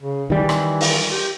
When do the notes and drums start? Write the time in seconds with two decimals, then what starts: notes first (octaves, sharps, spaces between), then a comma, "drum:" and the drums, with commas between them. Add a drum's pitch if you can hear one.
0.02 C#3
0.30 D#3 E3 G3
0.49 drum: rim click
0.81 drum: open hi-hat
1.09 G4